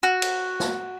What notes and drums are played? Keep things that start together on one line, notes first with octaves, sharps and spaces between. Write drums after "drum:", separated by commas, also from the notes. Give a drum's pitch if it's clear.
F#4
drum: cymbal
drum: snare